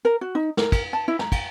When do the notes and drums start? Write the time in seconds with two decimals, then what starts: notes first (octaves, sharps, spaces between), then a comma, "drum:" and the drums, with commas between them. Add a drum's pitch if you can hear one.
0.05 A#4
0.21 F#4
0.35 D#4
0.57 A#4, drum: snare
0.72 drum: kick, cymbal
0.93 A5
1.08 E4
1.19 A#5, drum: snare
1.32 drum: kick, cymbal